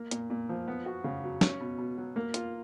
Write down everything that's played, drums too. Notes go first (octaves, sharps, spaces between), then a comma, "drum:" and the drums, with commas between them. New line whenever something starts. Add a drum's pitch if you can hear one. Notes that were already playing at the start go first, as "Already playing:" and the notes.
Already playing: A#3
A#2, drum: hi-hat
A#2
F3
B3
F#4
C#3
F#3
C#4, drum: snare
B2
B2
F#3
A#3
F4, drum: hi-hat